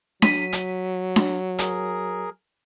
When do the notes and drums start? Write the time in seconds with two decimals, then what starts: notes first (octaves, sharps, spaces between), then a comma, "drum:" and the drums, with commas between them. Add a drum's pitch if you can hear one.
0.22 F#3 B6 D#7, drum: snare D4
0.53 drum: hi-hat
1.16 drum: snare D4
1.59 G#4 A#4, drum: hi-hat